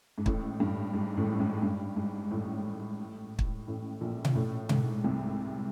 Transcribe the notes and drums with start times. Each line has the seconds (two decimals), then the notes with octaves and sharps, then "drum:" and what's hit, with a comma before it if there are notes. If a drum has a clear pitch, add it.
0.18 G#2
0.26 A1 A2, drum: kick
0.60 G2
0.94 G#2
1.17 A1 A2
1.40 G#2
1.62 G2
1.96 G#2
2.31 A1 A2
3.39 drum: kick
3.67 A1 A2
4.01 A#1 A#2
4.25 drum: tom B2
4.35 A1 A2
4.69 G#2, drum: tom B2
5.04 C2 C3